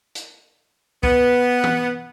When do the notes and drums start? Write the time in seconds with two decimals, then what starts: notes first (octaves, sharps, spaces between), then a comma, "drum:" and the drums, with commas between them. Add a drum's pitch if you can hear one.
0.15 drum: hi-hat
1.03 B3, drum: kick
1.64 drum: tom E3